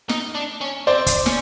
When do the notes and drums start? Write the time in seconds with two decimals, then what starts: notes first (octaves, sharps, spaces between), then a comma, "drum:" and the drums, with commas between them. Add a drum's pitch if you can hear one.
0.09 D#4, drum: snare
0.35 D4
0.61 C#4
0.87 C4 C5 D5
1.06 drum: kick, hi-hat
1.26 C#4, drum: snare